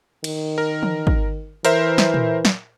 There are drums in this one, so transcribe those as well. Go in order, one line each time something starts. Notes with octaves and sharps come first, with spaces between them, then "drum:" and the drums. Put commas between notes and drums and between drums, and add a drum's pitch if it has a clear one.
D#3, drum: cymbal
A#4
drum: tom E3
drum: kick
E3 A#4 C5 E5, drum: hi-hat
drum: snare
drum: tom A#2
drum: snare